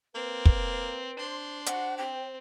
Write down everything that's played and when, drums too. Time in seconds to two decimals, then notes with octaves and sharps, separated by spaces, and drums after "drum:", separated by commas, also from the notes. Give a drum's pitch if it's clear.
0.15 A#3 C4 B4
0.45 drum: kick
1.19 D4 C5 C6
1.66 C5 F#5, drum: hi-hat
1.97 C4 G5